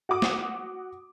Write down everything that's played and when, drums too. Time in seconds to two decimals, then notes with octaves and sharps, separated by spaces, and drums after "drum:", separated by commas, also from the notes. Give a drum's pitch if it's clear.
0.09 F#4 F#5 D6 D#6
0.22 drum: snare